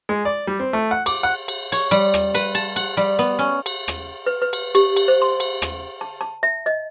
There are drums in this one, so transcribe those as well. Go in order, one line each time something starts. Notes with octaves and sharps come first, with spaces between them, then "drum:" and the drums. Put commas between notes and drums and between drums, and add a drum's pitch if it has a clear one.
G#3
D5
G3
C4
A3
F#5
D6, drum: cymbal
F#5
drum: cymbal
C#5, drum: cymbal
G3, drum: cymbal
drum: rim click
B4, drum: cymbal
A5, drum: cymbal
F#5, drum: cymbal
G3
B3
C#4
drum: cymbal
drum: rim click
B4
B4
drum: cymbal
G4, drum: cymbal
drum: cymbal
C5
C6
drum: cymbal
drum: rim click
A5
A5
E5
D#5